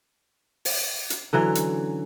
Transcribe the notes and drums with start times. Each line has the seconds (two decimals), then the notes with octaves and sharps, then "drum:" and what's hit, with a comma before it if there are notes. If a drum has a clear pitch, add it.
0.65 drum: open hi-hat
1.10 drum: hi-hat
1.33 D3 E3 F#3 C#4
1.55 drum: hi-hat